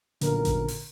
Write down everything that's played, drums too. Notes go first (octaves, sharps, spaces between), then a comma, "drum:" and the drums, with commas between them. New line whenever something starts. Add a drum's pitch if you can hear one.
B1 F2 A#2 D3 A#4, drum: hi-hat
drum: kick A1, hi-hat
drum: open hi-hat